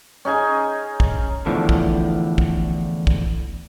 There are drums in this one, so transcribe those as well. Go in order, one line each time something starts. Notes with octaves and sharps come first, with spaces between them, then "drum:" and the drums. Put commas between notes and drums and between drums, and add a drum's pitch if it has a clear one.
C#4 D#4 G#4 G#5
drum: kick
E2 A2 D3 F3
drum: kick
drum: kick
drum: kick